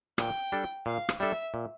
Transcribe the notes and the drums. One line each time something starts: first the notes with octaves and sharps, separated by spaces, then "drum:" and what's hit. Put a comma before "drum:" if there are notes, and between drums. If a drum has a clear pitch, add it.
A#2 G5, drum: rim click
G3 D4 A4
A#2 F5
drum: rim click
G3 D4 A4 E5
A#2